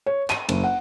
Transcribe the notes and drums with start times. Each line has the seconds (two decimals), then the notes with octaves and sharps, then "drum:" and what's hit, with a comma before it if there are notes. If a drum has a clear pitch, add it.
0.06 C#5
0.30 D#7, drum: clap
0.49 F#1, drum: cymbal
0.64 F#5